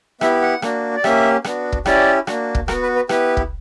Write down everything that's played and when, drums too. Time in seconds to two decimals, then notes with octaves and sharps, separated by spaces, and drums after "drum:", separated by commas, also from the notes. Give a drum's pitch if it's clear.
0.21 B3 E4 G4 E5, drum: rim click
0.42 F#5
0.62 A#3 D4 F#4, drum: rim click
0.96 D5
1.04 A#3 C#4 G4 E5, drum: rim click
1.44 B3 D4 F#4, drum: rim click
1.72 drum: kick
1.86 C#4 E4 G4 D5, drum: rim click
2.27 A#3 D4 F#4, drum: rim click
2.55 drum: kick
2.68 B3 F#4 A#4, drum: rim click
2.83 B4
2.96 B4
3.09 B3 E4 G4 B4, drum: rim click
3.37 drum: kick